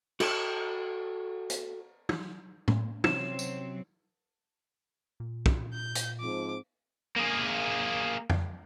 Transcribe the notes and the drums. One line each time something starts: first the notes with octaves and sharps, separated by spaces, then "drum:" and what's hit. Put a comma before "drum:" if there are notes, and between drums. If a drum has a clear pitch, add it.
F#4 A4 G5 A5, drum: cymbal
drum: hi-hat
drum: tom
drum: tom A2
C3 F#3 C4 C#4 E7, drum: tom
drum: tambourine
A#2
drum: kick
G6
drum: hi-hat
G#2 F3 C4 D6
A#3 G#4
drum: tom F2